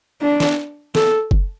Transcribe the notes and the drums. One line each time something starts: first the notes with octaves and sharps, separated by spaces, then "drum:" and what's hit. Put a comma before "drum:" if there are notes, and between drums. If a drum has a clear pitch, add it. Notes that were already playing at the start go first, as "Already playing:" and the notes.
D4
drum: snare
A4, drum: snare
drum: kick F#1